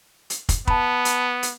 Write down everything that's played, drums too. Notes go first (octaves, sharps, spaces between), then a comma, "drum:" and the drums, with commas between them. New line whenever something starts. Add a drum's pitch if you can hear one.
drum: hi-hat
drum: kick, hi-hat
B3 A5 B5, drum: kick
drum: hi-hat
drum: hi-hat